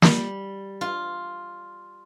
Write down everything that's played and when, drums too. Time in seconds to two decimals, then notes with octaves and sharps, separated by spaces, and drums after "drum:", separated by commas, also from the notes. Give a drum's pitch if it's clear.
0.02 G3, drum: snare
0.81 F4